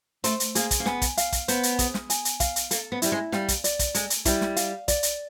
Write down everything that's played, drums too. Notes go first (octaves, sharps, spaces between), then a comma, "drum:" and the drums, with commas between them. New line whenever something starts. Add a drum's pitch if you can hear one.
A3 C5, drum: hi-hat
drum: hi-hat
A#3 G#4, drum: hi-hat
drum: kick, hi-hat
A#3
B3 G#5, drum: snare
drum: kick, hi-hat
F5, drum: hi-hat
drum: kick, hi-hat
B3 C5, drum: hi-hat
drum: hi-hat
G#4, drum: kick, hi-hat
drum: snare
G#5, drum: hi-hat
drum: hi-hat
F5, drum: kick, hi-hat
drum: hi-hat
A#3 A4, drum: hi-hat
B3
G3 E4, drum: hi-hat
G#3
G3 F5, drum: snare
drum: kick, hi-hat
D5, drum: hi-hat
drum: kick, hi-hat
G#3 A4, drum: hi-hat
drum: hi-hat
G3 E4, drum: kick, hi-hat
drum: snare
F5, drum: hi-hat
D5, drum: kick, hi-hat
drum: hi-hat